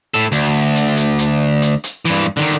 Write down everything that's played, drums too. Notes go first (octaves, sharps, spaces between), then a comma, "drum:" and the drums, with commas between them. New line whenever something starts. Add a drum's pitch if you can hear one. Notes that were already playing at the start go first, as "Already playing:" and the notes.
A2 A4
D2, drum: hi-hat
drum: hi-hat
drum: hi-hat
drum: hi-hat
drum: hi-hat
drum: hi-hat
G2 E3, drum: hi-hat
D3 D#3